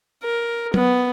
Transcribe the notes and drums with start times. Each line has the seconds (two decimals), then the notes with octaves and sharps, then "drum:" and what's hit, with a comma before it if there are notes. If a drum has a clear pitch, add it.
0.23 A#4
0.74 B3, drum: tom